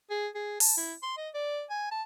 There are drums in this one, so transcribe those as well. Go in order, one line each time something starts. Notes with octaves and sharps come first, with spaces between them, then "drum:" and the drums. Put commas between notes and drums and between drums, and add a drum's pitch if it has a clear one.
G#4
G#4
A5, drum: open hi-hat
E4
C6
D#5
D5
G#5
A5